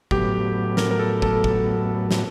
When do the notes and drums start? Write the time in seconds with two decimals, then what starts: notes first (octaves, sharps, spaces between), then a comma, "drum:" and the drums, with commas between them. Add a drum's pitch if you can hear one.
0.11 A2 F#3 B3 G4, drum: kick
0.77 A#4, drum: snare
0.91 A#4
0.99 A4
1.22 A4, drum: kick
1.44 drum: kick
2.11 drum: snare